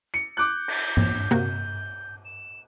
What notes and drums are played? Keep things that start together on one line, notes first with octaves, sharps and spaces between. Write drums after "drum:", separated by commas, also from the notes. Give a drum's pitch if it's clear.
C#7
D6 F#6 G6
drum: cymbal
drum: tom G2
C3 A#3 F#4
E7